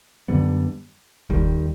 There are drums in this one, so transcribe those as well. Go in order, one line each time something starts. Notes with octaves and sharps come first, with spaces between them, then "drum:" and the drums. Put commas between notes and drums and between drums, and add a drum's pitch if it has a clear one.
F#2 D3 G3 B3
D#2 D#3 G3, drum: kick